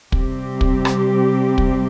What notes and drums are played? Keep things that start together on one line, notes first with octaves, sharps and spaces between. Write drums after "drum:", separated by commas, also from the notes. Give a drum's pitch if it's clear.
C3 G3 C4 G4, drum: kick
drum: kick
drum: rim click
drum: kick